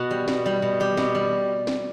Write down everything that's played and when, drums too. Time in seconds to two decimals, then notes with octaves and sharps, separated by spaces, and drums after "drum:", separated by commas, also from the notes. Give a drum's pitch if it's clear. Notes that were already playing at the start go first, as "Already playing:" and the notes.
Already playing: B2 F#4
0.11 G3
0.28 B2, drum: snare
0.46 G3
0.62 B2
0.80 G3 G4
0.97 B2, drum: snare
1.15 G3
1.67 drum: snare